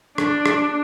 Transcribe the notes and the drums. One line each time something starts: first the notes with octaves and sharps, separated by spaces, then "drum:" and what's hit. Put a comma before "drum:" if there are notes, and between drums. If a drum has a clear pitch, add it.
D4, drum: rim click
drum: rim click